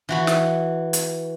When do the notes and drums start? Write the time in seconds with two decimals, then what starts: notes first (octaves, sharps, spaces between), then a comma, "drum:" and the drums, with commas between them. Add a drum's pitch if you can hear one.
0.09 E3 F#4 B5
0.27 drum: snare
0.93 drum: hi-hat